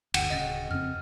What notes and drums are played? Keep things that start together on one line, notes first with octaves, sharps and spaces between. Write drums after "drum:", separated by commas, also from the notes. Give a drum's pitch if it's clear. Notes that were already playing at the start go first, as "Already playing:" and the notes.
G1 D2 F#5 G5 E7, drum: cymbal
D1 C#3 D#5 A6
F2 C#3 C4 F6